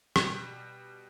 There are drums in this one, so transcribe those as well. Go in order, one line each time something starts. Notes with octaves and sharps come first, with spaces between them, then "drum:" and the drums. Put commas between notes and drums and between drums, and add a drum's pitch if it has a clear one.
B2 G3, drum: rim click